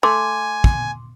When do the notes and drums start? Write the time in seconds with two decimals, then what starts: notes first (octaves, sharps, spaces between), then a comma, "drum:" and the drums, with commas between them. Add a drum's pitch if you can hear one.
0.03 A3 G#5 C6 D6
0.64 drum: kick